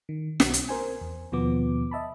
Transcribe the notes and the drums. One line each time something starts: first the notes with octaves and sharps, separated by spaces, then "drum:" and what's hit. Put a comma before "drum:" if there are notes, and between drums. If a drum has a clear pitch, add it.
D#3
B1, drum: snare
drum: hi-hat
A#4 C5 G#5
E2
D#2 B2 F3 B3 D6
D#5 E5 A5 B5